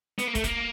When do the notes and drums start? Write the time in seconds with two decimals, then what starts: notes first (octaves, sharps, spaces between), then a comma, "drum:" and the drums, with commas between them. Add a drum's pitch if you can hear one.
0.19 B3, drum: hi-hat
0.27 A#3
0.35 A3, drum: kick, hi-hat
0.44 A#3, drum: kick, hi-hat